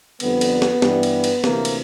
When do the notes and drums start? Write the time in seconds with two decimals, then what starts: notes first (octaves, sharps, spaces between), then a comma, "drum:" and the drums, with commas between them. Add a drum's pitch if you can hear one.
0.20 F2 D3 G3 B3, drum: cymbal
0.41 drum: cymbal
0.62 drum: snare
0.82 G2 E3 G3, drum: snare
1.03 drum: cymbal
1.24 drum: cymbal
1.44 D2 C3 E3 A#3, drum: snare
1.65 drum: cymbal